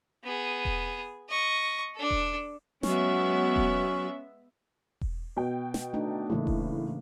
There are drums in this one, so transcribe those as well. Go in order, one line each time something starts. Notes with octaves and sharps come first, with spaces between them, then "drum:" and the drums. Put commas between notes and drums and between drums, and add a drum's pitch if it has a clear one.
B3 G#4
drum: kick E1
D#5 C#6
D4 A4
drum: kick E1
F#3 G#3 B3 C#4 E5, drum: snare
drum: kick E1
drum: kick E1
B2 G5
drum: snare
A3 D4 D#4
A2 C#3 E3 A#3
drum: kick E1